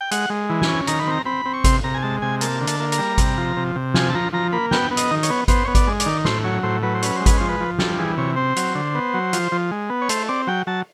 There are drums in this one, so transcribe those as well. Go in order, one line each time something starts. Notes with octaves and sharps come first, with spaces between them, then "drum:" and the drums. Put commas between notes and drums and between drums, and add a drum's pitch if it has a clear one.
G5
G#3 F#5, drum: hi-hat
G#3
E3
G#5, drum: snare
C#4
D#3 A#5, drum: hi-hat
B5
C4 A#5
C4 B5
C4
C#6
C3 C6, drum: kick G#1, hi-hat
C3 A#5
G#5
G#3 A5
C3 G#5
A#3 A5, drum: hi-hat
D3
A5, drum: hi-hat
A#3
A#5, drum: hi-hat
G3
C3, drum: kick G#1, hi-hat
F3
C3
C3
F3 G#5, drum: snare
A5
F3 A#5
F3 A#5
A#3 B5
B3 G5, drum: snare
B3
D#5, drum: hi-hat
D#3
C#5, drum: hi-hat
B3
B3 C5, drum: kick G#1, hi-hat
B3 C#5
D5, drum: kick G#1, hi-hat
G#3
D5, drum: hi-hat
D#3
A2 C5, drum: snare
F#3 C#5
A2 C5
F#3 B4
C5
C#4 B4, drum: hi-hat
C5
G#3
B4, drum: kick G#1, hi-hat
F3 C5
B4
F3
G3 A4, drum: snare
E3 G#4
C3 C#5
C4 C5
F#3, drum: hi-hat
D3
B3
F#3
F3, drum: hi-hat
F3
G#3
B3
C#5
A3 C5, drum: hi-hat
C4 D5
F#3 G5
F#3 A5